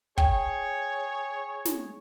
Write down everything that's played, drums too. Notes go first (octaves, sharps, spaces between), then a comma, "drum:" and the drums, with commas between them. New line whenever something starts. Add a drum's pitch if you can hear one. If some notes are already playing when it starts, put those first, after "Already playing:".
G#4 C#5 G5, drum: kick
drum: snare